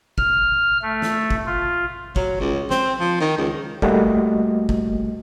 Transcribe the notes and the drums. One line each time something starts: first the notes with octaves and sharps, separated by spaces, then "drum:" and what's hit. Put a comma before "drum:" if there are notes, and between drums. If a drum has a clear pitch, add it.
F6, drum: kick
A3
drum: snare
drum: kick
F4
F#3, drum: kick
C#2
C4, drum: snare
F3
D#3
C#2
G3 A3 A#3 F#4 D#5, drum: kick
drum: kick